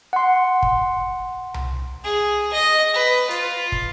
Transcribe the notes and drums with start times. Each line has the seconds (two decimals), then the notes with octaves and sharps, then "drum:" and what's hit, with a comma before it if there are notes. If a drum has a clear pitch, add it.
0.13 F#5 C6
0.63 drum: kick
1.54 drum: tom C2
2.04 G#4
2.53 D#5
2.94 B4
3.31 F4, drum: hi-hat
3.72 drum: kick